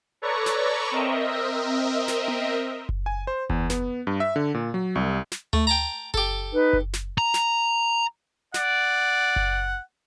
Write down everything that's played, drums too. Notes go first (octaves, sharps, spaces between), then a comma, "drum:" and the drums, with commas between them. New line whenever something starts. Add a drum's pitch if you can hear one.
A4 B4 C#5 D5 A#5 C#6
drum: snare
C4 A#4 D#5 E5
drum: snare
drum: tom B3
drum: kick F#1
G#5
C5
E2, drum: kick F#1
B3, drum: snare
G2
E5
D3
A#2
F#3
C2
drum: snare
A3, drum: tom D2
G5 A5 A#5
G4 A4, drum: kick F#1
D#4 B4
drum: kick F#1
drum: snare
A#5
drum: snare
D5 F#5, drum: snare
drum: kick F#1